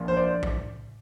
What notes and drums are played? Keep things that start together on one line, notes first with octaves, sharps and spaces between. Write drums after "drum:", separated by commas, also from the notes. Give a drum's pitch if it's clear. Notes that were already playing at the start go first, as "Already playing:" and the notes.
Already playing: A#1 A#2 F3
C5
D5
drum: kick